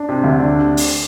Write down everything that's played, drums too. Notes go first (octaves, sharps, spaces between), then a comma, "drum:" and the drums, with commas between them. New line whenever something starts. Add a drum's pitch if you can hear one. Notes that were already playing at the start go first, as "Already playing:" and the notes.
Already playing: D4
C3
D2
D4
drum: open hi-hat